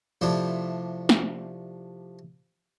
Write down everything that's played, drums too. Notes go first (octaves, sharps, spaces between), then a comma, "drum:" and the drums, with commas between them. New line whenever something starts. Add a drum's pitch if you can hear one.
C3 F3 A3 D4 E4 C5
drum: snare